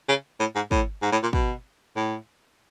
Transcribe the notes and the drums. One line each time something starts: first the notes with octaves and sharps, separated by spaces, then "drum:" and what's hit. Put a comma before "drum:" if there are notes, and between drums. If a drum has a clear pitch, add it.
C#3
A2
G#2
A2, drum: kick
G#2
A2
A#2
B2, drum: kick
A2